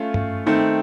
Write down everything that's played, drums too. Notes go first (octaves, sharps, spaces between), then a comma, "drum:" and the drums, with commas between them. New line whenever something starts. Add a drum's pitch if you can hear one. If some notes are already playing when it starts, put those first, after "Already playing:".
Already playing: A3 C#4 F4
drum: tom G2
D#3 A3 C4 D#4